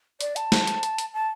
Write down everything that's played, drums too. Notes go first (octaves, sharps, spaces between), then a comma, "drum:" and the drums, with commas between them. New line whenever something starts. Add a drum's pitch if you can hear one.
D5, drum: hi-hat
A5, drum: hi-hat
drum: snare
drum: hi-hat
drum: hi-hat
drum: hi-hat
A5